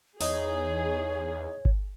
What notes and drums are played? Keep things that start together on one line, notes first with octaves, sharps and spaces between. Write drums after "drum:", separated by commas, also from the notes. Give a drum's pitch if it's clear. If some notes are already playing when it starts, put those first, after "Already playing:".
E2 D#4 G#4 C#5, drum: open hi-hat
drum: kick G1